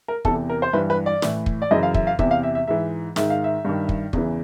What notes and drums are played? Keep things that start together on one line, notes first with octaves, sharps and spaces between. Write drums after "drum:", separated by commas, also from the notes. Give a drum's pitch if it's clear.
A#4
E2 C3 E3 A4, drum: kick
A#4
C5
G2 E3 B4
B4
D5
A2 E3, drum: snare
drum: kick
D5
F#2 C#3 E3 D#5
F5
E5, drum: kick
F5
E2 C3 E3 E5, drum: kick
F5
E5
E5
G#2 E3 E5
G#2 D#3 E5, drum: snare
F5
E5
G2 D#3
drum: kick
E2 C#3 E3, drum: kick